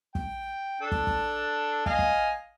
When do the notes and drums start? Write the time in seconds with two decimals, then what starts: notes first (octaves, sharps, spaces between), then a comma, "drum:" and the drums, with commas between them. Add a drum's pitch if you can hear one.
0.15 G5, drum: kick
0.81 D4 A4
0.92 drum: kick
1.07 drum: kick
1.86 D#5 F5 G#5, drum: kick
1.99 drum: kick